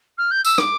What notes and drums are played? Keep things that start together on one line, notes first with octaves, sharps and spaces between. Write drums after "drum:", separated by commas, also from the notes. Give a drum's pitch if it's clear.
F6
G6
E6, drum: tambourine
D6, drum: rim click